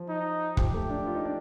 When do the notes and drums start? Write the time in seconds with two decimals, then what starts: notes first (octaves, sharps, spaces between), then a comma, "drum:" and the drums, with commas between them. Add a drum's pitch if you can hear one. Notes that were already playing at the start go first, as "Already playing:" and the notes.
Already playing: F3
0.09 D#4
0.57 F3 G4, drum: kick
0.74 A3
0.89 D4
1.06 F4
1.15 D#4
1.25 D4